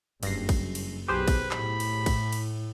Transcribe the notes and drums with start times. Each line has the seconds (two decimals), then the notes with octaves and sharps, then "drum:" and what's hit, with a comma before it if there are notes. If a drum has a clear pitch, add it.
0.23 F#1 G2 A#6 C7, drum: cymbal
0.49 drum: kick, cymbal
0.75 drum: cymbal
1.08 B1 G4 G#4 B4 C5
1.28 drum: kick, cymbal
1.51 A2 B5, drum: clap
1.80 drum: cymbal
2.06 drum: kick, cymbal
2.33 drum: cymbal